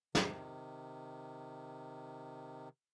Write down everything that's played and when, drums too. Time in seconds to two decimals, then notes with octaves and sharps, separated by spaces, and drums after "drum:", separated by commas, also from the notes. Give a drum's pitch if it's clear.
0.15 C3 D#3, drum: snare